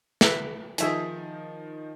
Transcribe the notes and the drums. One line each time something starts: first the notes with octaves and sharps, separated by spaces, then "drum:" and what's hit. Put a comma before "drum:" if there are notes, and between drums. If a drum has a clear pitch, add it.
B4 E5, drum: snare
D#3 F3 D#4 G#4 E5 G#5, drum: hi-hat